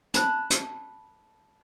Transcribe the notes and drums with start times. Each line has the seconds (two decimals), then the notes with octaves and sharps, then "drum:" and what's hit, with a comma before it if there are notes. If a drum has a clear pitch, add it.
0.14 A5 B5 F#6, drum: hi-hat
0.50 drum: hi-hat